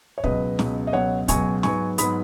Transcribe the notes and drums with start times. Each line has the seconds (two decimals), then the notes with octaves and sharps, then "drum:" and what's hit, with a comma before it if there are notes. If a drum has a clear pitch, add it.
0.18 C#5
0.24 C#2 B2 F#3 B4 D#5, drum: kick
0.59 C#2 B2 F#3, drum: snare
0.87 D#5
0.93 C#2 B2 F#3 C#5 F#5
1.28 C#2 B2 F#3 G#5 C#6, drum: kick, hi-hat
1.63 G#2 F#3 B3 G#5 C#6, drum: snare
1.98 G#2 F#3 B3 B5 D#6, drum: hi-hat